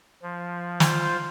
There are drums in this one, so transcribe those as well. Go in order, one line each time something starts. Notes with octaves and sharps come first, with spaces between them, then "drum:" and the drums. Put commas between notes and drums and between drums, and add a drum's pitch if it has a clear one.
F3
F4 C5, drum: snare